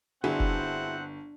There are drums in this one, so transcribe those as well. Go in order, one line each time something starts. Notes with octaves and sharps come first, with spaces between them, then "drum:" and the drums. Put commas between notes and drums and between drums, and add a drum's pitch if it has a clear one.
G1 C4 D4 E4 F#4 G#4 C5 F#5
drum: kick F1